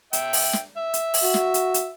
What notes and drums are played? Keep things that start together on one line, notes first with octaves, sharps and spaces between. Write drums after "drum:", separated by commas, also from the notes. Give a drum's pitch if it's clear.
E5 G5, drum: hi-hat
drum: open hi-hat
drum: snare
E5
drum: hi-hat
drum: open hi-hat
F#4
drum: snare
drum: hi-hat
drum: hi-hat